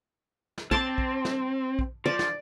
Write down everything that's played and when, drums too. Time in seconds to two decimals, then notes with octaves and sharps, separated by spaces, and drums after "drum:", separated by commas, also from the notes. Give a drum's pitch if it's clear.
0.58 drum: snare
0.71 C4 A5 C6 D6, drum: kick
0.98 drum: kick
1.25 drum: snare
1.79 drum: kick
2.06 F3 D5
2.19 drum: snare